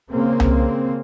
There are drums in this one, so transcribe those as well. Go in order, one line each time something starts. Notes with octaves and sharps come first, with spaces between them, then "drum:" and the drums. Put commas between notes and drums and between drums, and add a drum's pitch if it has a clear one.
C#3 A#3 C4
drum: tom C2